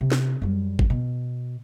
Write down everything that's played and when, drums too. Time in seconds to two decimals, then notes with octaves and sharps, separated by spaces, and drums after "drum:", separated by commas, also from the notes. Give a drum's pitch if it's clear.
0.01 C3
0.12 drum: snare
0.42 F#2 G3
0.79 drum: kick G#1
0.90 B2